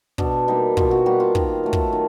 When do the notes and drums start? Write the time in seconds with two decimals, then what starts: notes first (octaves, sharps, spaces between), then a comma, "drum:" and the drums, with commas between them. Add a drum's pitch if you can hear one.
0.18 B2 D4, drum: kick
0.48 G3 A#3 D#4
0.77 B2 F4, drum: kick
0.91 F#4
1.06 G3 A#3 F#4
1.20 F4
1.35 D#3, drum: kick
1.63 F#3 A3
1.73 drum: kick
1.93 D#3